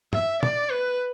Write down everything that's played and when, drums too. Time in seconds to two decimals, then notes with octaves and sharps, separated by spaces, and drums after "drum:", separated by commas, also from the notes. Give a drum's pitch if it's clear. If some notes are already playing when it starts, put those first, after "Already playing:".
0.13 E5, drum: tom
0.43 D5, drum: tom
0.71 B4